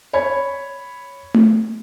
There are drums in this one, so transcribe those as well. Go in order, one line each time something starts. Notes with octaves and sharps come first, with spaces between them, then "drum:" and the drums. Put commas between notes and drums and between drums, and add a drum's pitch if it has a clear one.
C#5 B5 G#6
drum: tom A3